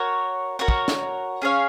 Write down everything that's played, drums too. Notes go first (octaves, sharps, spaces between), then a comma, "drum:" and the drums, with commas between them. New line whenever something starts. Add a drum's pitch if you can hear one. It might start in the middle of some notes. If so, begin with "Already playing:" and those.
Already playing: F#4 A#4 C#5 F#5
F#4 A#4 C#5 F#5
drum: kick
drum: snare
C#4 G#4 C#5 F5